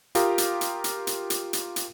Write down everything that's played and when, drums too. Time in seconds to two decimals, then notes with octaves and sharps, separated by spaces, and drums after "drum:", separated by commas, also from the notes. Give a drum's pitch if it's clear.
0.15 F4 G4 A#4 F5 A#5 D#6, drum: hi-hat
0.38 drum: hi-hat
0.61 drum: hi-hat
0.84 drum: hi-hat
1.07 drum: hi-hat
1.30 drum: hi-hat
1.53 drum: hi-hat
1.76 drum: hi-hat